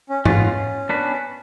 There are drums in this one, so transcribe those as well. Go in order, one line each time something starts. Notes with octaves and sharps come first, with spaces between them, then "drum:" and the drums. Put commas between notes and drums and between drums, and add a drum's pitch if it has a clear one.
C#4
G#3 B3 C#4 F4, drum: tom G#2
B3 D4 F#4 B4